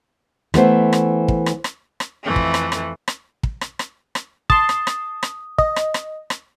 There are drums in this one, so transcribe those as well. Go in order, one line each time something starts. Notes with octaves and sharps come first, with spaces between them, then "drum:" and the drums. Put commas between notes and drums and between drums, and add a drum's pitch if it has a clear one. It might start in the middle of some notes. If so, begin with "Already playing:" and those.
E3 A3 B3 C5, drum: rim click
drum: rim click
drum: kick
drum: rim click
drum: rim click
drum: rim click
F2 E3 A3
drum: kick
drum: rim click
drum: rim click
drum: rim click
drum: kick
drum: rim click
drum: rim click
drum: rim click
A5 C6 D#6, drum: kick
drum: rim click
drum: rim click
drum: rim click
D#5, drum: kick
drum: rim click
drum: rim click
drum: rim click